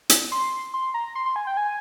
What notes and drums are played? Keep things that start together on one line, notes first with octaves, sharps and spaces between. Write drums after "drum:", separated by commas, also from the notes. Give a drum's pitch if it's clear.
drum: hi-hat
C6
C6
A#5
C6
C6
G#5
G5
G#5